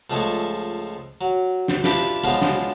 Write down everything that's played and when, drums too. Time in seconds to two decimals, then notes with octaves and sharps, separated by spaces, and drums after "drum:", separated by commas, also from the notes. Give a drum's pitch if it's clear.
0.10 C#2 F3 G#3 A3 G#5 C#6
1.21 F#3
1.68 drum: snare
1.84 D4 E4 F4 G4 B4, drum: snare
2.24 C#3 F3 G#3 B3 D4 F4
2.42 drum: snare